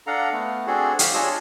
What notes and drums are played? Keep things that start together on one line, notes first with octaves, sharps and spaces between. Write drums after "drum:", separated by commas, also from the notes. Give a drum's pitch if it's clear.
D4 A4 F5 F#5 A#5
A3 B3
C4 D4 F#4 G#4 A4
G4 F5, drum: hi-hat
D4 F4 G#4 C#5 D#5 E6